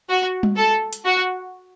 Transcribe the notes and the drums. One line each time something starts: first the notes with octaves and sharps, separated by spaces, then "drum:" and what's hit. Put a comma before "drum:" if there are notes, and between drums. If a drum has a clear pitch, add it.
F#4
drum: tom G3
A4
drum: hi-hat
F#4